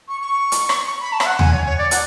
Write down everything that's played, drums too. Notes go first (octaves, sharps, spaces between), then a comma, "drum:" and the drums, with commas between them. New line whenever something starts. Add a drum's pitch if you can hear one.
C#6
C#6
drum: hi-hat
drum: rim click
C#6
B5
A5
E5, drum: rim click
F#5
G#5, drum: tom D#2
C#5
C#5
D5
F#5, drum: hi-hat